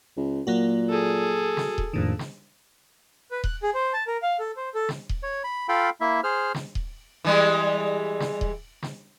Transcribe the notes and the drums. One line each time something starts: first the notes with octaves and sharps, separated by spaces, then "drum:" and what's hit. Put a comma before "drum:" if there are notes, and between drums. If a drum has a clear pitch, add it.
C#2
A#2 F#3 A#3 F#4
G#4 A4
drum: snare
drum: kick D#1
A#1 F2 A2 D#3
drum: snare
B4
F#6, drum: kick D#1
G#4
C5
A5
A#4
F5
A4
C5
A4
drum: snare
drum: kick D#1
C#5
B5
F4 A4 F5 G5 B5
A#3 E4 E5
G#4 C5 F6
drum: snare
drum: kick D#1
E3 G3 G#3
drum: snare
drum: kick D#1
drum: snare